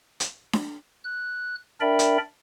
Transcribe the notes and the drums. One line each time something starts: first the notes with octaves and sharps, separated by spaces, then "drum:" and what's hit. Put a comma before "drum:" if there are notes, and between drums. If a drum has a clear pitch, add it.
drum: hi-hat
drum: snare D4
F#6
D4 A#4 D5 E5 G5 B5
drum: hi-hat